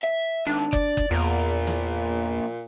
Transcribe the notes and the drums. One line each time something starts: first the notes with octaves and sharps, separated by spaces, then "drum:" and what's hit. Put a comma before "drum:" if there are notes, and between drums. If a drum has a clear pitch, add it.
E5
G#2 D#3 D4
D5, drum: kick F#1
drum: kick F#1
E2 A#2 F3 A#3
drum: snare